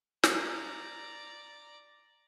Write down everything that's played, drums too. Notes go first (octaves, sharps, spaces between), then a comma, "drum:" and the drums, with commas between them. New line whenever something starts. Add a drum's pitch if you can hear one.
D5 A#5, drum: snare